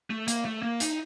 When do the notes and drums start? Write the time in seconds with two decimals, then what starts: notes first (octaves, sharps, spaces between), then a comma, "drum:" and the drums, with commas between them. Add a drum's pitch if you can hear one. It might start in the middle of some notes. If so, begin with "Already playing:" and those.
0.10 A3
0.28 A#3, drum: hi-hat
0.45 A3
0.63 A#3
0.80 D#4, drum: hi-hat